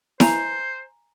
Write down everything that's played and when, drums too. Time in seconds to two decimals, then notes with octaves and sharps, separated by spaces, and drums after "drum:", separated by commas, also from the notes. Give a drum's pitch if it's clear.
0.20 C5 G#5 A#5, drum: snare E4